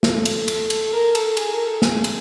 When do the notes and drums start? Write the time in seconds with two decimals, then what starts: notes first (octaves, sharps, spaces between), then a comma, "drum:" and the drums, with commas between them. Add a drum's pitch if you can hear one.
0.03 A4, drum: snare
0.25 drum: cymbal
0.48 drum: cymbal
0.70 drum: cymbal
0.93 A#4
1.15 A4, drum: cymbal
1.37 G#4, drum: cymbal
1.52 A#4
1.67 A4
1.82 G#4, drum: snare
2.04 drum: cymbal